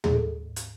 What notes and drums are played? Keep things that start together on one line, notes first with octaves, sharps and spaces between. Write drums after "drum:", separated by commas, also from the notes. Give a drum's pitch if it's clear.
G#4, drum: tom
A4
drum: hi-hat